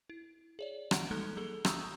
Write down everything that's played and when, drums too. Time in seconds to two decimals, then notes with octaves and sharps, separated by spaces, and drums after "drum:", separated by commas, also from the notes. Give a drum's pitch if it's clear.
0.10 E4
0.59 G#4 C#5 D5
0.91 D#3 F#5 A#5 D7, drum: rim click
1.11 E3 G3 G#3 A#3 D#4 A4
1.37 F#3 G#4 A4
1.65 A#5 B5 C#6 D#6 E6 G6, drum: rim click